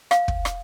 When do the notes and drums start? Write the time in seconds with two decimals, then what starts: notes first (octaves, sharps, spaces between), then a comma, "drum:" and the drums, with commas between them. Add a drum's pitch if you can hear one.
0.11 F5, drum: rim click
0.28 drum: kick
0.45 drum: rim click